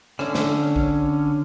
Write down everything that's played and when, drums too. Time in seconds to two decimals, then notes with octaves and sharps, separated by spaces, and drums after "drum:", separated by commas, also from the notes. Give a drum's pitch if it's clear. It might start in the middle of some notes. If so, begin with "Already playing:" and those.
0.19 D3 C#4, drum: rim click
0.34 drum: snare
0.76 drum: kick A#1